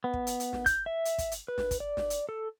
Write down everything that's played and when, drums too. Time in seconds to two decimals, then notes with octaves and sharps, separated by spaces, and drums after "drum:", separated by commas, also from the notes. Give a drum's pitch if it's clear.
0.04 B3
0.14 drum: kick
0.27 drum: hi-hat
0.40 drum: hi-hat
0.53 drum: snare
0.66 G6, drum: kick, hi-hat
0.86 E5
1.05 drum: hi-hat
1.18 drum: kick, hi-hat
1.32 drum: hi-hat
1.48 B4
1.58 drum: snare
1.71 drum: kick, hi-hat
1.80 D5
1.97 drum: snare
2.10 drum: hi-hat
2.29 A4